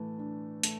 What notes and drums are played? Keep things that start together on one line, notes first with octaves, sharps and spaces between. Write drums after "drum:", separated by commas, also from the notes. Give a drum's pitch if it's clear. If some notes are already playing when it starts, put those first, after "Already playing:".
Already playing: A2 E3 A3
D4
A3, drum: hi-hat